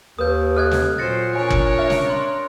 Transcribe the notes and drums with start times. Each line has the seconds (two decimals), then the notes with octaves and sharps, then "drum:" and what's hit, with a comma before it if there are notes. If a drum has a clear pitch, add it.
0.19 D#2 A#4 B4 D#6 G6
0.56 A4 D#5 F6 F#6 G#6
0.71 drum: snare
0.98 A#2 F#3 C5 A6 A#6 C#7
1.35 D4 A#4 C#5 G#5
1.50 drum: kick G1
1.79 E5 F6 A#6
1.90 drum: snare
2.10 C6